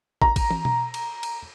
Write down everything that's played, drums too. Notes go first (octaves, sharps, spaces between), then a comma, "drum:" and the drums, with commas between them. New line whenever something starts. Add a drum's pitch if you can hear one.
A#5, drum: kick
drum: kick, cymbal
drum: tom
drum: tom B2
drum: cymbal
drum: cymbal